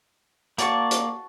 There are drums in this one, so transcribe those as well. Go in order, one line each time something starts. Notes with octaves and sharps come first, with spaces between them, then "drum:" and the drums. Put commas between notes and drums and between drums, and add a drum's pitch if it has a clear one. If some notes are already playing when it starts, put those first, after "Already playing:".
A#3 F#4 D5 A5 C#6, drum: hi-hat
drum: hi-hat